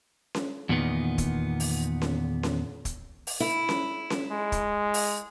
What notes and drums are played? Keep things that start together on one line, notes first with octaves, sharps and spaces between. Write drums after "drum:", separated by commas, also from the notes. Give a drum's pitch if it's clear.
drum: snare C#4
E2 A#2 D#3 B3
drum: kick, hi-hat
drum: open hi-hat
drum: snare C#4
drum: snare C#4
drum: kick, hi-hat
drum: open hi-hat
E4
drum: snare C#4
drum: snare C#4
G#3
drum: kick, hi-hat
drum: open hi-hat